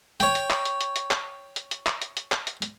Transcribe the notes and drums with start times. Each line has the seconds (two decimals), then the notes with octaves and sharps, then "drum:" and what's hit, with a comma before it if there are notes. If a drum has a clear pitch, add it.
0.20 C#5 G5, drum: hi-hat
0.35 drum: hi-hat
0.50 drum: clap
0.65 drum: hi-hat
0.81 drum: hi-hat
0.96 drum: hi-hat
1.11 drum: clap
1.56 drum: hi-hat
1.71 drum: hi-hat
1.86 drum: clap
2.02 drum: hi-hat
2.17 drum: hi-hat
2.32 drum: clap
2.47 drum: hi-hat
2.62 drum: hi-hat